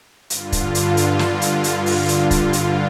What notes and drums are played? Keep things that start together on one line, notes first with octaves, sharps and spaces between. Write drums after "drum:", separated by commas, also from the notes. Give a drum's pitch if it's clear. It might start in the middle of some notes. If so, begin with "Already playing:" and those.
G2 D3 F4, drum: hi-hat
drum: kick, hi-hat
drum: hi-hat
drum: hi-hat
drum: snare
drum: hi-hat
drum: hi-hat
drum: open hi-hat
drum: hi-hat
drum: kick, hi-hat
drum: hi-hat